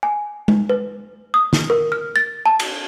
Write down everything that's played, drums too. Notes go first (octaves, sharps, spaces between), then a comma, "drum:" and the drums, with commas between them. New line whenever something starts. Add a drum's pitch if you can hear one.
G#5
drum: tom G#3
B4
D#6
drum: snare
A#4
F6
A6
A5
drum: cymbal